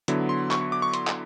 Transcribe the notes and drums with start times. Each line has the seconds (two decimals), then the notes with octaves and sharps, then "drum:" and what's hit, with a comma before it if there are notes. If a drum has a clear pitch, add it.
0.08 D3 F#3 B3 E4, drum: hi-hat
0.29 C6
0.51 C#6, drum: clap
0.61 C#6
0.72 D6
0.82 C#6
0.94 C6, drum: hi-hat
1.07 drum: clap